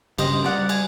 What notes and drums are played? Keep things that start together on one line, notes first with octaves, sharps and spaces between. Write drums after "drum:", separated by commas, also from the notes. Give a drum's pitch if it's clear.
G2 C#3 G4 C5 D#5, drum: cymbal
G3 A#4 D5 F#5, drum: snare
G#5, drum: cymbal